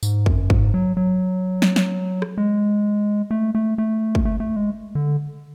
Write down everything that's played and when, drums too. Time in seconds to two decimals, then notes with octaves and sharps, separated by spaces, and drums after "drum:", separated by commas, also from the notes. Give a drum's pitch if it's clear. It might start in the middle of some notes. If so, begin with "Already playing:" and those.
0.03 G#2, drum: tambourine
0.26 F#2, drum: kick
0.50 G#2, drum: kick
0.74 F#3
0.97 F#3
1.62 drum: snare
1.76 drum: snare
2.22 drum: rim click
2.38 G#3
3.31 A3
3.55 A3
3.78 A3
4.15 drum: kick
4.25 A3
4.40 A3
4.56 G#3
4.95 D3